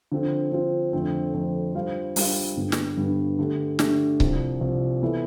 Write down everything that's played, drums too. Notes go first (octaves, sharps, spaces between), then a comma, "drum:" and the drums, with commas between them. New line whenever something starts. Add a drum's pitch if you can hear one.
D3 F3 C4 F4
D3 F3 C4 F4
F2 D3 A3 C4
F2 D3 A3 C4
G3 D4 F4 C5 F5
G3 D4 F4 C5 F5, drum: open hi-hat
G2 D3 G3 B3
drum: snare
G2 D3 G3 B3
D3 A3 D4 G4
D3 A3 D4 G4, drum: snare
C2 C3 F3, drum: kick C#1
C2 C3 F3
E3 B3 E4 A4